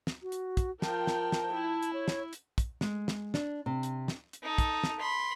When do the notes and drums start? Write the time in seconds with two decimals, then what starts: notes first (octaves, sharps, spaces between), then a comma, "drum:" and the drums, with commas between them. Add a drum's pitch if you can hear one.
0.07 drum: snare
0.22 F#4
0.32 drum: hi-hat
0.57 drum: kick, hi-hat
0.82 F3 A#4 G5 A5, drum: snare
1.07 drum: snare
1.32 drum: snare
1.53 E4
1.83 drum: hi-hat
1.93 C#5
2.08 drum: snare
2.33 drum: hi-hat
2.58 drum: kick, hi-hat
2.81 G#3, drum: snare
3.08 drum: snare
3.34 D4, drum: snare
3.66 C3
3.83 drum: hi-hat
4.08 drum: snare
4.33 drum: hi-hat
4.43 D#4 A4
4.58 drum: kick, hi-hat
4.84 drum: snare
5.00 B5 C6